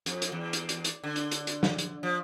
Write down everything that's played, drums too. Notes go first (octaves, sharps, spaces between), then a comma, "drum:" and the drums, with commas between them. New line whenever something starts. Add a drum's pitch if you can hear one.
F2, drum: hi-hat
drum: hi-hat
E2
drum: hi-hat
drum: hi-hat
drum: hi-hat
D3
drum: hi-hat
drum: hi-hat
drum: hi-hat
drum: snare
drum: hi-hat
F3